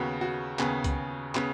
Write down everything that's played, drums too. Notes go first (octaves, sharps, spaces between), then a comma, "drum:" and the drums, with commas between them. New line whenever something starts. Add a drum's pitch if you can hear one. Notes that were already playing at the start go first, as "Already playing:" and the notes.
Already playing: D#2 C#3 B3 F#4
F#4
D#2 C#3 B3 G#4, drum: clap
drum: kick C#2, hi-hat
C#3 B3, drum: clap